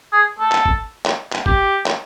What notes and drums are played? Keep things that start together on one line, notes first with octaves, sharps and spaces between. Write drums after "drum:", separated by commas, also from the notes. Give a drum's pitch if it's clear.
G#4
A4
drum: clap
drum: kick
drum: clap
drum: clap
G4, drum: kick
drum: clap